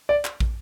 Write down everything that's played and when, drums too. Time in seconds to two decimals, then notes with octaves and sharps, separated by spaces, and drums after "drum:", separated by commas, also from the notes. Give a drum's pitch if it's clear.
0.09 D5
0.25 drum: clap
0.40 drum: kick